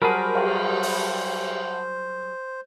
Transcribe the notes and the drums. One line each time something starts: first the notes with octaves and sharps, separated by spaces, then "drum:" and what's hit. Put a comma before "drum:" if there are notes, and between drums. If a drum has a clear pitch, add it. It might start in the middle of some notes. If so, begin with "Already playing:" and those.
F#3 G3 G#4 A#4 C5 F#5 A5 B5
drum: cymbal
drum: open hi-hat